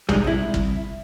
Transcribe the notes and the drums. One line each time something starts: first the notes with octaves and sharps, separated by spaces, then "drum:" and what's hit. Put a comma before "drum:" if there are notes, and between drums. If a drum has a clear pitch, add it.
G3 G#3 C4 D#4, drum: tom A#1
C2 E4
drum: kick